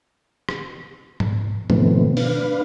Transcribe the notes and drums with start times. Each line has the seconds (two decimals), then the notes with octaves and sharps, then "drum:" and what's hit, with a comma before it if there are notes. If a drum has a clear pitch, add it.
0.49 drum: rim click
1.20 drum: tom G#2
1.70 B2 D#3 F3 A3 B3 C4, drum: tom G#2
2.17 D4 B4 F5, drum: open hi-hat